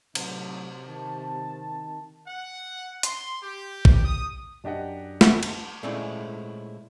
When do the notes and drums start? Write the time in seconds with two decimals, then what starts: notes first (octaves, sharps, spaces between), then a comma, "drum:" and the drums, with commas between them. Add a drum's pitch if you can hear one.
0.15 A2 C3 F#3 D#4, drum: cymbal
0.87 D#3 A5
2.26 F#5
3.03 C6, drum: hi-hat
3.42 G4
3.85 drum: kick A1
4.04 D#6
4.64 F#2 D4 G4 D#5 F#5
5.21 drum: snare
5.43 drum: cymbal
5.83 A#2 G#3 A3 C4 C#4 E4